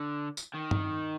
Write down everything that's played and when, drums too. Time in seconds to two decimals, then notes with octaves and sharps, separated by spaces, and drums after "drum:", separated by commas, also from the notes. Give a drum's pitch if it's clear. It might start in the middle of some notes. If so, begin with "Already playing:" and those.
Already playing: D3
0.37 drum: tambourine
0.54 D#3
0.71 drum: tom G2